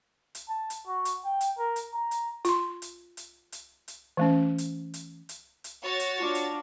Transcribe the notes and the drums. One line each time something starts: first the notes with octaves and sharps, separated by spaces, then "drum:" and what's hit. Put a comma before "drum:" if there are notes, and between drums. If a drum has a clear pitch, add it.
drum: hi-hat
A5
drum: hi-hat
F#4
drum: hi-hat
G5
drum: hi-hat
A#4
drum: hi-hat
A#5
drum: hi-hat
F4 C6, drum: hi-hat
drum: hi-hat
drum: hi-hat
drum: hi-hat
drum: hi-hat
E3 A3 C#4
drum: hi-hat
drum: hi-hat
drum: hi-hat
drum: hi-hat
F#4 C#5 A6
drum: hi-hat
D4 F4
drum: hi-hat